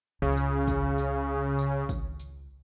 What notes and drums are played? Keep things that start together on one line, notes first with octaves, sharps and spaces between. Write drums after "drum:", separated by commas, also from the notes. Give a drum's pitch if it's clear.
C#2 C#3
drum: tambourine
drum: kick G#1, tambourine
drum: tambourine
drum: tambourine
drum: kick G#1, tambourine
drum: tambourine